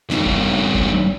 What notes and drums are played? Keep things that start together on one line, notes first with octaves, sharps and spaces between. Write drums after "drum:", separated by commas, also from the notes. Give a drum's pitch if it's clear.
G2 D#3, drum: snare
drum: kick
drum: kick